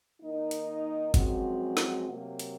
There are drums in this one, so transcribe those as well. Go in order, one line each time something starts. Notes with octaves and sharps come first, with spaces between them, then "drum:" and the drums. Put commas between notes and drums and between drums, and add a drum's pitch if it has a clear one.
D#3 A#3 D#4
drum: hi-hat
F#2 F3 G#3 C4 F#4, drum: kick G1, hi-hat
drum: snare
C3 F#3 A#3
drum: hi-hat